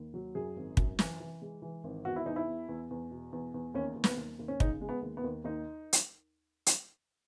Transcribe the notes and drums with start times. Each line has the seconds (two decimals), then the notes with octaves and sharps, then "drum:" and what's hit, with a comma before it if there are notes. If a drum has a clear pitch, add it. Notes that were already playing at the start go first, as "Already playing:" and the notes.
Already playing: D#2
0.14 F#3
0.35 F#2 G#4
0.57 G#1
0.77 F#2, drum: kick
0.99 E3, drum: snare
1.20 E3
1.42 G#3
1.62 E3
1.84 G#1
2.05 E2 F#4
2.16 E4
2.26 E2 D#4
2.36 E4
2.47 E2
2.68 E2
2.91 E2
3.11 B2
3.33 E2
3.54 E2
3.74 D#2 C#4
3.96 D#2
4.04 B3, drum: snare
4.17 D#2
4.39 D#2
4.48 C#4
4.60 C#3 D#4, drum: kick
4.81 G#3
4.89 B3
5.02 D#2
5.17 B3
5.24 D#2
5.44 D#2 D#4
5.93 drum: hi-hat
6.66 drum: hi-hat